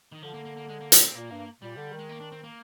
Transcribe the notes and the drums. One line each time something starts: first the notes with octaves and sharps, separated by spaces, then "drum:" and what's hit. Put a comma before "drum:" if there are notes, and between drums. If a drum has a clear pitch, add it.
D#3
D3 F3
A#3
A#3
A#3
G#3
A#3
C4, drum: hi-hat
C4
A#2 A#3
G2
A#2 G3
D3
D#3
G#3
A#3
D4
C4
A#3